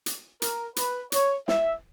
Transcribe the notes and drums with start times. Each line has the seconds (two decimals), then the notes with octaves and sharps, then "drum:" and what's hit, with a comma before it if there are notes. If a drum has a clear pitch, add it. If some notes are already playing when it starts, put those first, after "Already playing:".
0.06 drum: hi-hat
0.42 A#4, drum: hi-hat
0.76 B4, drum: hi-hat
1.12 C#5, drum: hi-hat
1.48 E5, drum: snare